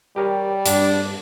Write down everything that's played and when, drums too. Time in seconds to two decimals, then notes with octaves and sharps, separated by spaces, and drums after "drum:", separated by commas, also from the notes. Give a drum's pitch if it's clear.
0.16 G3 G4 A#4 C#5
0.66 G2 D4, drum: hi-hat